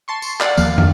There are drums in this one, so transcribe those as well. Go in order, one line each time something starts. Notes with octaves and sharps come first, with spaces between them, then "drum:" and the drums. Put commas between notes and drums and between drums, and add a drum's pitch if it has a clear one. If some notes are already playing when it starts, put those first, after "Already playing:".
A5 C6 C#6
drum: tambourine
D5 F5 F#5, drum: clap
D#2 F3 A#3 F5, drum: tambourine
drum: tom